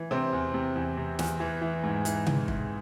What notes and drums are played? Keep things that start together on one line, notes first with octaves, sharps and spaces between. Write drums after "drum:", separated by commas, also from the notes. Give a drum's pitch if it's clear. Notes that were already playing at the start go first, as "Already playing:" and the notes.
Already playing: E3
C3 C4
E2
C3
E2
C3
E2, drum: snare
E3
E3
G#2
E3, drum: hi-hat
E3, drum: tom C3
E3, drum: kick